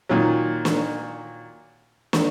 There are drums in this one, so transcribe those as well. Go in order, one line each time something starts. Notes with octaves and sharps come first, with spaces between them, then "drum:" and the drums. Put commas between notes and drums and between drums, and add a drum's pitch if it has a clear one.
A#2 D#3 F#3
drum: snare
drum: snare